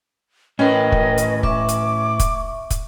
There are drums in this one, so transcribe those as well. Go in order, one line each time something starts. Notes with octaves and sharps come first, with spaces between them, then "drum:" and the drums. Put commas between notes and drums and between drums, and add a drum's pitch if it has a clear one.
A2 C#4 A#4 B4 D#5 G5
drum: kick
drum: hi-hat
E5 C#6 D6, drum: kick
drum: hi-hat
drum: kick, hi-hat
drum: kick, hi-hat